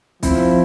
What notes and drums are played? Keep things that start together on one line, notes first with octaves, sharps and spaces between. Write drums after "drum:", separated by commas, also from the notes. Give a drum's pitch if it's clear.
F3 C4 E4, drum: kick, hi-hat